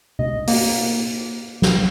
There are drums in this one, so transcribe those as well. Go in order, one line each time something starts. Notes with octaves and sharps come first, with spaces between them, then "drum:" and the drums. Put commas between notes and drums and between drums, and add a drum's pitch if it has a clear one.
D#5, drum: tom C3
A#3, drum: open hi-hat
drum: snare